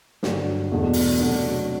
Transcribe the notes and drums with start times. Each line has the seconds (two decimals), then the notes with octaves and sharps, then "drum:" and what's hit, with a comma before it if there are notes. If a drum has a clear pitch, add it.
0.23 G2 D3 F#3, drum: snare
0.71 E1 E2 B2 A3 D4
0.93 drum: open hi-hat
1.20 C3 F#3 A3 D4 A4